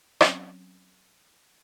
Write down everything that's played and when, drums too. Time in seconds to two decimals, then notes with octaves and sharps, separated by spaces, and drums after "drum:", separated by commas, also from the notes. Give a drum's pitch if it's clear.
0.21 F#3 C4 C#4, drum: rim click